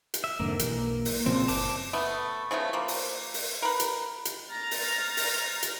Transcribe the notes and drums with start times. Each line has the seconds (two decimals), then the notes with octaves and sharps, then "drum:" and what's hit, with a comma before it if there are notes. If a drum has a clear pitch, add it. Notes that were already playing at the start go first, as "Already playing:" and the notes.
0.14 drum: hi-hat
0.24 E5
0.40 F2 G#2 D3 A#3
0.59 B1 E3, drum: hi-hat
1.05 drum: open hi-hat
1.26 A#2 C#3 F3 C4
1.48 F#1 A5 D6, drum: open hi-hat
1.93 A3 B3
2.51 C#3 F3 A3 B3
2.73 F3 A#3
2.88 drum: open hi-hat
3.34 drum: open hi-hat
3.62 A#4 B4
3.80 drum: hi-hat
4.25 drum: hi-hat
4.51 A#5 F6 A6
4.71 drum: open hi-hat
5.17 drum: open hi-hat
5.63 drum: hi-hat